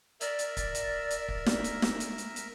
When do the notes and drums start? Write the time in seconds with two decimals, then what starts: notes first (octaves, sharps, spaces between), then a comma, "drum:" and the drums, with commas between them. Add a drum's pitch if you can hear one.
0.21 A#4 D5 E5, drum: hi-hat
0.39 drum: hi-hat
0.57 drum: kick, hi-hat
0.75 drum: hi-hat
1.11 drum: hi-hat
1.28 drum: kick
1.46 drum: snare
1.64 drum: hi-hat
1.82 drum: snare
2.00 drum: hi-hat
2.18 drum: hi-hat
2.36 drum: hi-hat